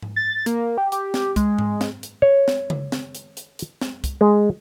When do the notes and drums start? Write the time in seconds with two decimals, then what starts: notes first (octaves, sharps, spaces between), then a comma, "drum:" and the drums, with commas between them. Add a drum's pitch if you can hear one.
0.02 drum: tom G#2
0.16 A6
0.46 A#3, drum: hi-hat
0.78 G4
0.92 G4, drum: hi-hat
1.14 drum: snare
1.36 G#3, drum: kick C2, hi-hat
1.59 drum: tom G#2
1.81 drum: snare
2.03 drum: hi-hat
2.22 C#5
2.48 drum: snare
2.70 drum: tom C#3
2.92 drum: snare
3.15 drum: hi-hat
3.37 drum: hi-hat
3.59 drum: hi-hat
3.81 drum: snare
4.04 drum: kick C2, hi-hat
4.21 G#3